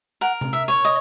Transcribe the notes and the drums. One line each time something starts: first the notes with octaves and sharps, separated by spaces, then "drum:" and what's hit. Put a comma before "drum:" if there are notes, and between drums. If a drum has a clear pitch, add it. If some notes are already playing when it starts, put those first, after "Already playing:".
A#4 F#5
drum: tom C3
E5
C#5
D#5